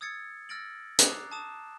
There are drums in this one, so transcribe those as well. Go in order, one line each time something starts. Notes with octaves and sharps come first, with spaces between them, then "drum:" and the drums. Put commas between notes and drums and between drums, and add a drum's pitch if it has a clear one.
D#6 E6 G#6 A6 C#7
E6 F6 A6 A#6 D7 F#7
A#5 D6 D#6 F#6 C7, drum: hi-hat
A5 D6 D#6 E7